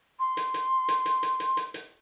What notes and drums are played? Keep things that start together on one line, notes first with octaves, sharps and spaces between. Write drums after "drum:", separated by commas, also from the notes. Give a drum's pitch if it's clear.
C6
drum: hi-hat
drum: hi-hat
drum: hi-hat
drum: hi-hat
drum: hi-hat
drum: hi-hat
drum: hi-hat
drum: hi-hat